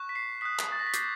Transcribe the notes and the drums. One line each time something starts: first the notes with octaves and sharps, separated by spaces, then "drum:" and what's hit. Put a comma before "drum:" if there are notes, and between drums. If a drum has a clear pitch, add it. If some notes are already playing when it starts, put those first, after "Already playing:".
Already playing: C#6 F#6
B6
C7
D#6 F#6 B6
drum: clap
A6
A#6
B6
D6 G6 C7, drum: hi-hat